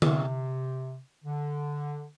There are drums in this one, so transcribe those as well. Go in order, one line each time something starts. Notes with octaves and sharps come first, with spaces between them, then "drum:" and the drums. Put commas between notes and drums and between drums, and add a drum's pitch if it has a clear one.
C3, drum: tom D3
D3